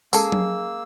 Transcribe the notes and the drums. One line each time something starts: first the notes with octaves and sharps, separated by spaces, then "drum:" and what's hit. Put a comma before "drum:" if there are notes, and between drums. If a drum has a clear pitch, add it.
C#3 G#3 A#3 G#4 A4 E6, drum: tambourine
drum: tom F#3